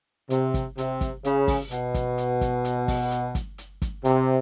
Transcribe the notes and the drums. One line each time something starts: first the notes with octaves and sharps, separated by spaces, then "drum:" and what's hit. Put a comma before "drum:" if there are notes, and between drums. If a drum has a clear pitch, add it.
C3, drum: hi-hat
drum: kick, hi-hat
C3, drum: hi-hat
drum: kick, hi-hat
C#3, drum: hi-hat
drum: kick, open hi-hat
B2, drum: hi-hat
drum: kick, hi-hat
drum: hi-hat
drum: kick, hi-hat
drum: hi-hat
drum: kick, open hi-hat
drum: hi-hat
drum: kick, hi-hat
drum: hi-hat
drum: kick, hi-hat
C3, drum: hi-hat